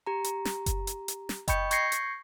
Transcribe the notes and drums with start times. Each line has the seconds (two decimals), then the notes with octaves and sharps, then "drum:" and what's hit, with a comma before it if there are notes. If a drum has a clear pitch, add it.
0.07 G4 A#5
0.24 drum: hi-hat
0.45 drum: snare
0.66 drum: kick F#1, hi-hat
0.87 drum: hi-hat
1.08 drum: hi-hat
1.29 drum: snare
1.48 D#5 G5 B5 C#6 G6 C#7, drum: kick F#1, hi-hat
1.71 C#6 G6 G#6 A#6 C7 C#7, drum: hi-hat
1.92 drum: hi-hat